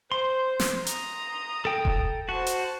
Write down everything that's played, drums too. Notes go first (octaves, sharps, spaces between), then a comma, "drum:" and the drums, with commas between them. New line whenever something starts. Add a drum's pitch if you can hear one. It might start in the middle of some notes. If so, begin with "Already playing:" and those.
C5 C6
drum: snare
A#5 D#6, drum: hi-hat
A4 G5
drum: kick E1
F#4 C5 A5
drum: hi-hat